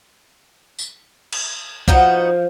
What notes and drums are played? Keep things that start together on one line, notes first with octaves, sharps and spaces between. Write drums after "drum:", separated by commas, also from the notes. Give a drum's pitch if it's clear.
drum: tambourine
drum: cymbal
F3 B3 D#4 F#4, drum: kick C2